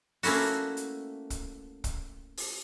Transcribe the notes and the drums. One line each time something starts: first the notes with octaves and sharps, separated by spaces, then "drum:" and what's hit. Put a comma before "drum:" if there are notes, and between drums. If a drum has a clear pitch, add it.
A3 A#3 C#4 E4 F#4, drum: open hi-hat
drum: hi-hat
drum: kick, hi-hat
drum: kick, hi-hat
drum: open hi-hat